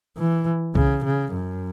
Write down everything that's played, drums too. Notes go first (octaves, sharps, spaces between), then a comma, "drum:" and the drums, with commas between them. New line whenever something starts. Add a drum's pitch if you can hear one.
E3
C#3, drum: kick C2
C#3
F#2